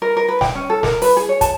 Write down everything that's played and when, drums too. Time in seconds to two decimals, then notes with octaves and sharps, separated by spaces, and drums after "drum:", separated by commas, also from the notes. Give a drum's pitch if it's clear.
0.02 A#4
0.17 A#4
0.29 B4
0.41 G5, drum: snare
0.55 C#4
0.70 A4
0.83 A#4, drum: snare
1.02 B4, drum: open hi-hat
1.17 G#4
1.29 C#5
1.41 A5, drum: kick, hi-hat